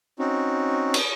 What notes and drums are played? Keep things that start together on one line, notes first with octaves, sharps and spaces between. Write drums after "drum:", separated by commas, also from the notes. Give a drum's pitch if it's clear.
C4 C#4 D#4 F#4
drum: cymbal